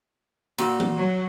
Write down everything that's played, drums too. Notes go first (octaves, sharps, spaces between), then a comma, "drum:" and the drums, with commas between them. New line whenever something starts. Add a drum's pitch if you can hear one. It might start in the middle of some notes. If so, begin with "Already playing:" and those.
A#2 F#4, drum: cymbal
drum: tom E3
F#3